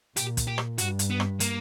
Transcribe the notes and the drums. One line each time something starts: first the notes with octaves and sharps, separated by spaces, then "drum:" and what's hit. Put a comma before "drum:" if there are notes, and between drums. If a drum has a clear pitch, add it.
A#2 G4, drum: hi-hat
drum: kick, hi-hat
G4
drum: rim click
G2 F#4, drum: hi-hat
drum: hi-hat
B3
drum: rim click
A#3, drum: hi-hat